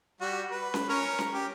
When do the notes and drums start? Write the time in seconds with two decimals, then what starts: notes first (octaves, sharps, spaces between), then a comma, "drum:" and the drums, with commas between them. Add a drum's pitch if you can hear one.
0.21 G3 F#4
0.51 B4
0.74 drum: snare C#4
0.89 C#4 A#4 C#5
1.19 drum: snare C#4
1.34 G4